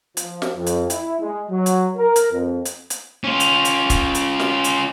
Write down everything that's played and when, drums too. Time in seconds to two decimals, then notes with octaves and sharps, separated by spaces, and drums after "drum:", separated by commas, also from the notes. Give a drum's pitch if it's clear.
0.17 F3, drum: hi-hat
0.42 drum: snare
0.56 F2
0.67 drum: hi-hat
0.90 E4, drum: hi-hat
1.20 G#3
1.50 F#3
1.66 drum: hi-hat
1.96 A#4
2.16 drum: hi-hat
2.32 F2
2.65 drum: hi-hat
2.90 drum: hi-hat
3.24 C#4 F4
3.40 drum: hi-hat
3.65 drum: hi-hat
3.90 drum: kick, hi-hat
4.15 drum: hi-hat
4.40 drum: snare
4.64 drum: hi-hat